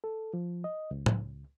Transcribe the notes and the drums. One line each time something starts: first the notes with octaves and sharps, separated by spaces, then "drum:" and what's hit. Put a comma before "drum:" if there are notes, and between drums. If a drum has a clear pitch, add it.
A4
F3
D#5
C#2
drum: tom A2